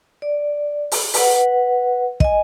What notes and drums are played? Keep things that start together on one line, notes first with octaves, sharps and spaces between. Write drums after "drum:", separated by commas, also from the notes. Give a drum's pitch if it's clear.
D5
drum: open hi-hat
B4 F#5, drum: open hi-hat
D#5 G#5, drum: kick